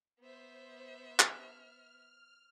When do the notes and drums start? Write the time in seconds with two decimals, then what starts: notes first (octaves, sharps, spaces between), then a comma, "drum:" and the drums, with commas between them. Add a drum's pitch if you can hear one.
0.20 B3 C5 E5
1.20 F6, drum: clap